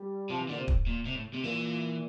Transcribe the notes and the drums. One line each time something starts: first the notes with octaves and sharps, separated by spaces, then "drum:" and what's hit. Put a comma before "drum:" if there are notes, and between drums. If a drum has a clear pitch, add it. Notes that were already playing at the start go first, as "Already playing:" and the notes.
Already playing: G3
C3 F3
E3
A#2 D3
C3
drum: kick
A#2
C3
A2
C3
A#2 E3